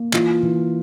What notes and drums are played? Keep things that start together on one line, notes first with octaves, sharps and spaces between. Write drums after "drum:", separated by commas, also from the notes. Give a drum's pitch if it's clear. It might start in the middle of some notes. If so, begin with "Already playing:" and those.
Already playing: A#3
E3 F4, drum: clap
E3